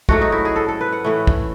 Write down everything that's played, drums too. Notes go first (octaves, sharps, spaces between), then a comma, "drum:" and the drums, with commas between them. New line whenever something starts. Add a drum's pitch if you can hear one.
G#2 F#3 A3 C#4 F#4, drum: kick
D#4
E4
G#4
A4
A4
B4
F#5
A2 E3 A3 C#4
drum: kick